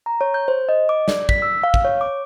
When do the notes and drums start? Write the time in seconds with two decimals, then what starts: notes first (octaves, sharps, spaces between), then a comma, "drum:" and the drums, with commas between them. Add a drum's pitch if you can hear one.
0.06 A#5
0.21 C#5
0.34 G6
0.48 C5
0.69 D#5
0.89 D6
1.08 D5, drum: snare
1.29 B6, drum: kick
1.42 E6
1.64 F5
1.74 drum: kick
1.85 C#5
2.01 D6